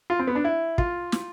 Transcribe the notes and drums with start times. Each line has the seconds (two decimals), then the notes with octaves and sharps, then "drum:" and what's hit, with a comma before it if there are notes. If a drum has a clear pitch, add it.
0.10 F4
0.19 C4
0.27 B3
0.35 D4
0.45 E4
0.78 F4, drum: kick
1.12 drum: snare